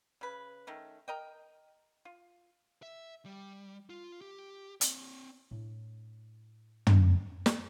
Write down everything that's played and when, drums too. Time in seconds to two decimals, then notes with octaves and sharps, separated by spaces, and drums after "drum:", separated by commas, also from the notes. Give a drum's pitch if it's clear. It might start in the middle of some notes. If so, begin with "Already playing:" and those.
0.21 C#3 B4
0.67 D#3 A3 C#4
1.08 A#4 D#5 G5
2.05 F4
2.83 E5
3.25 G3
3.90 F4
4.21 G4
4.81 C4 C#5, drum: hi-hat
5.51 A2 D4
6.87 drum: tom
7.46 drum: snare